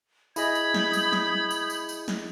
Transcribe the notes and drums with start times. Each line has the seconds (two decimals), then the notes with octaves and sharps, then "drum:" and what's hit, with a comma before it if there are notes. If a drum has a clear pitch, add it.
0.36 E4 G#4 D#5 B5 D#6 G6 G#6, drum: tambourine
0.55 drum: tambourine
0.74 drum: snare
0.93 drum: tambourine
1.12 drum: snare
1.51 drum: tambourine
1.70 drum: tambourine
1.89 drum: tambourine
2.08 drum: snare